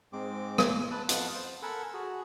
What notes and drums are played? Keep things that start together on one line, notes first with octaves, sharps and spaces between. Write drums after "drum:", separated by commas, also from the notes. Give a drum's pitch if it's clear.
G#2 G#3 C4 D6
drum: rim click
B4 A5 F#6
F2 B3 F4 F#5 A5 D#6, drum: hi-hat
C5
A4 A#4 F#5 G#5 B5 E6
F#4 G#4